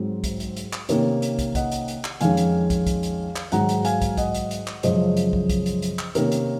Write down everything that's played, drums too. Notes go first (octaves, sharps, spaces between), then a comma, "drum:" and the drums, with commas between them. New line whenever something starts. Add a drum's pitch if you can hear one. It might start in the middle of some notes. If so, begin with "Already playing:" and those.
Already playing: G#2 F#3 C4
drum: kick, hi-hat
drum: hi-hat
drum: hi-hat
drum: clap
C3 D#3 A#3 C#4 A#4 C#5, drum: hi-hat
drum: hi-hat
drum: kick, hi-hat
D#5 F#5, drum: kick, hi-hat
drum: hi-hat
drum: hi-hat
drum: clap
F2 D#3 G#3 C#4 F5 G#5, drum: hi-hat
drum: hi-hat
drum: kick, hi-hat
drum: kick, hi-hat
drum: hi-hat
drum: clap
G#2 D#3 F#3 F#5 A#5, drum: hi-hat
drum: hi-hat
F5 G#5, drum: hi-hat
drum: kick, hi-hat
D#5 F#5, drum: kick, hi-hat
drum: hi-hat
drum: hi-hat
drum: clap
F#2 C#3 F3 G#3 C#4 C5 D#5, drum: hi-hat
drum: hi-hat
drum: kick
drum: kick, hi-hat
drum: hi-hat
drum: hi-hat
drum: clap
C3 D#3 A#3 C#4 A#4 C#5, drum: hi-hat
drum: hi-hat